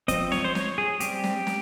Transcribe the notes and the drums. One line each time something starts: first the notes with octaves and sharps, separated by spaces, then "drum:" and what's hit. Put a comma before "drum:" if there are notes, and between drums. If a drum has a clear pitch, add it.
F3 C4 D#5, drum: kick, hi-hat
C#5, drum: snare
C5
C#5, drum: snare
G#4
G3 C4 G4, drum: hi-hat
drum: snare
drum: snare